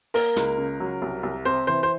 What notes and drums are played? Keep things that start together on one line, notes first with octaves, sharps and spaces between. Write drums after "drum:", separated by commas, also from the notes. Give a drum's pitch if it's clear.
A#3 A#4, drum: open hi-hat
C#2, drum: snare
C#3
F#3
C2
C2
C3 C5
E3 C5
C5